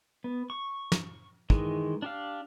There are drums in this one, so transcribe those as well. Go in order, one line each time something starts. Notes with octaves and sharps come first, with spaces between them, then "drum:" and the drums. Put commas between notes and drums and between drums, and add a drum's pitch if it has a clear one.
B3
C#6
drum: snare
D#3 E3 G#3, drum: kick
D4 G4 F5